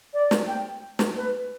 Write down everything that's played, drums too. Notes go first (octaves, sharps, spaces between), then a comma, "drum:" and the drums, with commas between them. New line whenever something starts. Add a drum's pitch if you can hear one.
D5
drum: snare
G5
drum: snare
B4